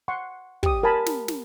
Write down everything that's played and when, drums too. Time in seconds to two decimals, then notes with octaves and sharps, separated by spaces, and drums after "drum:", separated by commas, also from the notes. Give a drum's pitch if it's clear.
0.08 F#5 C6 C#6
0.63 G4 D#6, drum: kick
0.83 A#4 G#5 A5 B5
1.06 drum: snare
1.28 drum: snare